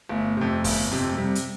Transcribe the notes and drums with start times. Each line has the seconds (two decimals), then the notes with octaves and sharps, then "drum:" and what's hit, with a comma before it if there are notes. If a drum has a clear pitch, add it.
0.09 G1 A3
0.37 F2 C3
0.64 G1, drum: kick, open hi-hat
0.91 F2 C3
1.10 A3
1.17 C3 G3
1.35 drum: hi-hat